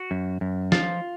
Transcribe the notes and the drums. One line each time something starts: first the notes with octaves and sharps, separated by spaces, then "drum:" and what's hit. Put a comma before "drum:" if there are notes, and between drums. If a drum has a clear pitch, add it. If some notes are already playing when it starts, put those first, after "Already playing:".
Already playing: F#4
F#2
F#2
F3 F4, drum: snare